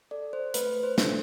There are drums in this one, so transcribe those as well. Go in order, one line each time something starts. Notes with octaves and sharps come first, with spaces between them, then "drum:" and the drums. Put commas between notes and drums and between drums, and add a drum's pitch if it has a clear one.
A4 D5
C5
A3 B4, drum: hi-hat
C5
D4 A4, drum: snare